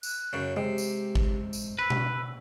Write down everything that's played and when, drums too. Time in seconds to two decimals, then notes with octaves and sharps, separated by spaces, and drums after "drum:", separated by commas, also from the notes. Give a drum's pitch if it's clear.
0.03 F#6, drum: tambourine
0.33 F#2 C#3
0.56 C3 G#3 G4
0.78 drum: tambourine
1.15 drum: kick G#1
1.53 drum: tambourine
1.79 B4 E6
1.90 drum: tom B2